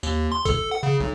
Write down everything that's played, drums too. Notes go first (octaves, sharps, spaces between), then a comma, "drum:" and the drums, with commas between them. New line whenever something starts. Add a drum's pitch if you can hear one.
D#2, drum: tambourine
C6
A4, drum: kick, tambourine
F#5
C#3
B1